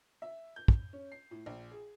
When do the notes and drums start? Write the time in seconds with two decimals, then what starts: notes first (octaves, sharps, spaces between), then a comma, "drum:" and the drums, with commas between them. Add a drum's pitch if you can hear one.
0.22 E5
0.56 G6
0.68 drum: kick
0.93 C#4
1.12 C7
1.31 A2
1.46 A#1
1.71 G#4